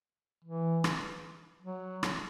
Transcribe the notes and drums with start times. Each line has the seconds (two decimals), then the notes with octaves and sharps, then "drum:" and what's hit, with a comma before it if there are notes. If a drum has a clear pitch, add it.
0.44 E3
0.84 drum: rim click
1.63 F#3
2.03 drum: rim click